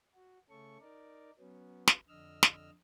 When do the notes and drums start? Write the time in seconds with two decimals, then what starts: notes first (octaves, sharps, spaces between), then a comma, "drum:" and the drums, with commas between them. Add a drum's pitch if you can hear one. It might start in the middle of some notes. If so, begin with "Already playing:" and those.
0.15 F#4
0.50 C#3 A3 C#4 A4 C#6
0.81 D#4 A#4 D5
1.39 F#3 B3 C#4
1.87 drum: snare
2.08 F2 D3 D#5 E6 F6
2.43 drum: snare